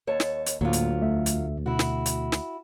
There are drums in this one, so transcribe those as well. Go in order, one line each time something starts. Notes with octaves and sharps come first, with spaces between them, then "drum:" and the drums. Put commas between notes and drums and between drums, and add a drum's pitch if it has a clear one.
D#2 C#5 A5
drum: snare
drum: hi-hat
D2 A2 F#3 A#3 F4
drum: hi-hat
E2 A3 E5
drum: hi-hat
B2 E4 F#4
drum: snare
drum: hi-hat
drum: snare